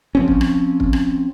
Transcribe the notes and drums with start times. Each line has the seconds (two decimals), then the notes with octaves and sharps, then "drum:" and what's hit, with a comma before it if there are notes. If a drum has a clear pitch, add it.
0.15 F3 C4 C#4
0.28 drum: kick
0.41 drum: rim click
0.80 drum: kick
0.93 drum: rim click